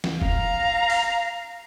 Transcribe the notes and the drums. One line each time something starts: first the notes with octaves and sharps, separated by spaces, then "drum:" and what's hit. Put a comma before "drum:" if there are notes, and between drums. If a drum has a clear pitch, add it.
drum: snare
F5 A#5, drum: kick E1
drum: open hi-hat